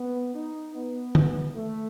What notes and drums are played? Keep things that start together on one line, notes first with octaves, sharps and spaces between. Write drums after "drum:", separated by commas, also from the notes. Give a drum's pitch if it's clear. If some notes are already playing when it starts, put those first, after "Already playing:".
Already playing: B3
D#4
B3
drum: tom D3
A3